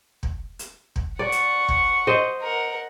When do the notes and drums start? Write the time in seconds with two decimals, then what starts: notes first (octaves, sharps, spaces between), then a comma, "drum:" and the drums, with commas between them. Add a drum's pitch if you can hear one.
0.23 drum: kick
0.59 drum: hi-hat
0.96 drum: kick
1.19 D5 F#5 C#6
1.32 drum: hi-hat
1.68 drum: kick
2.07 C5 D#5
2.41 A#4 F#5